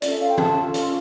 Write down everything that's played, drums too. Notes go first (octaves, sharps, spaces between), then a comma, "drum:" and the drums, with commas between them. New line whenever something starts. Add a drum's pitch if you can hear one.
C#4 F4 A4 D5, drum: hi-hat
E5
F5
G5
A5, drum: tom E3
drum: hi-hat